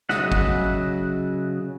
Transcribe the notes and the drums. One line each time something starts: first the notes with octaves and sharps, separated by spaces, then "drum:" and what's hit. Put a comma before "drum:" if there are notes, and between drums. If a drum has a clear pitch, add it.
C#3 F#3 D#5 E5 F#5, drum: snare
drum: kick